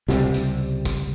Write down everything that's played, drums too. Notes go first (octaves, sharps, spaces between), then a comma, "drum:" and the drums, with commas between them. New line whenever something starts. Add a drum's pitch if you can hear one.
C#2 C3 G3, drum: snare
drum: hi-hat
drum: kick, hi-hat